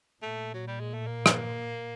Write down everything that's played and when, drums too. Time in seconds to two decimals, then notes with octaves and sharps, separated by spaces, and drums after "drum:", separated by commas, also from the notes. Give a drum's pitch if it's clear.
0.22 A#2 A3
0.54 F#3
0.67 G3
0.80 G#3
0.94 A3
1.06 A#3
1.26 drum: rim click